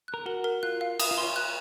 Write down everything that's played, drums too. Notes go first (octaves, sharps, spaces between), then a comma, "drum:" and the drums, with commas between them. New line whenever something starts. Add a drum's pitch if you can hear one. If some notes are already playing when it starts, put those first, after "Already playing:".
F#6
A#4
F#4 A#4
A#4
F4 F#6
F5
D#6, drum: cymbal
F4
C6
C#5
F#6